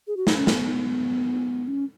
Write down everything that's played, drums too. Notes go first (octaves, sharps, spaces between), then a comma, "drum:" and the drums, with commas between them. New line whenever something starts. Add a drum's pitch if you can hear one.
G#4
F#4
D#4, drum: snare
C#4
B3, drum: snare
C#4